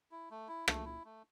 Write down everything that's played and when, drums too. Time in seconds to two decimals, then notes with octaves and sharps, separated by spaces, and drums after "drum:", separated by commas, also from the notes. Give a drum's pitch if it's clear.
0.11 E4
0.31 A3
0.48 E4
0.68 A3, drum: rim click
0.85 E4
1.05 A3